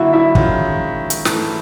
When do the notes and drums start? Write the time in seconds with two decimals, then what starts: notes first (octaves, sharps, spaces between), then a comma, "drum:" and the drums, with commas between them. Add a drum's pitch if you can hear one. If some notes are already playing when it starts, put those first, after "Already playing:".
Already playing: F#2 D3 F3 A#3 D4 E4 F#4 E5
0.13 E4 E5
0.35 D#3 G#3 C#4 F4, drum: kick
1.10 drum: hi-hat
1.25 G#2 E3 A3, drum: snare